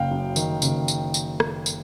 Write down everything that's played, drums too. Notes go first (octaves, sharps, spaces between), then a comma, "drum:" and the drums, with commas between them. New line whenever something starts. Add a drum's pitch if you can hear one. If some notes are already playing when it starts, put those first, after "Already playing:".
Already playing: F#1 F5 G5
F#2
D#3, drum: tambourine
F#1, drum: tambourine
drum: tambourine
drum: tambourine
drum: rim click
drum: tambourine